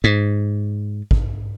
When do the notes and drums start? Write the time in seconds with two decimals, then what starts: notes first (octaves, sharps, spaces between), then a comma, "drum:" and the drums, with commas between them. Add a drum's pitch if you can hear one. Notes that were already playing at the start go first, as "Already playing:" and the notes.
0.04 G#2
1.11 drum: kick